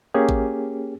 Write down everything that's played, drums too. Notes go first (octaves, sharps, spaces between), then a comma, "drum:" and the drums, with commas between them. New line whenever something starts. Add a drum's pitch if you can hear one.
A#3 C#4 G4 G#4
drum: kick A1